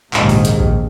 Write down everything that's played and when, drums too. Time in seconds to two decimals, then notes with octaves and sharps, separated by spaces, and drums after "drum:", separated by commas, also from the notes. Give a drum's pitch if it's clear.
0.14 A#1 D#2 G#2 C3 D#3 G#3, drum: clap
0.29 drum: open hi-hat
0.45 drum: hi-hat
0.60 drum: kick A#1